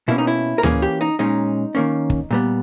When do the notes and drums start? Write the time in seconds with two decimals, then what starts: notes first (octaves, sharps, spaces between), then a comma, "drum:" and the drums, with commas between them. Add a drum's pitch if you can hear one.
0.08 B2 A#3 C#4 E4
0.18 D#4
0.27 E4
0.58 A#4
0.63 E3 A#3 C#4 G#4, drum: tom D2
0.82 G4
1.01 D#4
1.19 A#2 G#3 C#4 D#4
1.75 D#3 A#3 C#4
2.10 drum: kick
2.31 A#2 G3 B3